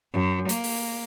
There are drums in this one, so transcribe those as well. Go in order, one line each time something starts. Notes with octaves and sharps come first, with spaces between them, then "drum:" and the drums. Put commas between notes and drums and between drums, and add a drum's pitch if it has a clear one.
F#2
A#3, drum: hi-hat
drum: open hi-hat